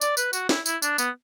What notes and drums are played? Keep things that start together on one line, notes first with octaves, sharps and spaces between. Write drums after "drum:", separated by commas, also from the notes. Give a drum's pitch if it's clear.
D5, drum: tambourine
B4, drum: tambourine
F#4, drum: tambourine
E4, drum: snare
E4, drum: tambourine
D4, drum: tambourine
B3, drum: tambourine